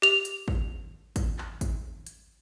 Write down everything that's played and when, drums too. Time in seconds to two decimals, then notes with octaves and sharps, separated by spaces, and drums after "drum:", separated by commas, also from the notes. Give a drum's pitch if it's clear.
0.02 G4 F7
0.25 drum: hi-hat
0.48 drum: kick
1.16 drum: kick, hi-hat
1.38 drum: clap
1.61 drum: kick, hi-hat
2.07 drum: hi-hat